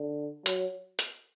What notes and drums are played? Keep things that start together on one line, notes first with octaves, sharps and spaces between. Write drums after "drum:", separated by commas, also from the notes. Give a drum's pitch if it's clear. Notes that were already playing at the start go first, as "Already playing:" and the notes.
Already playing: D3
F#3, drum: hi-hat
drum: hi-hat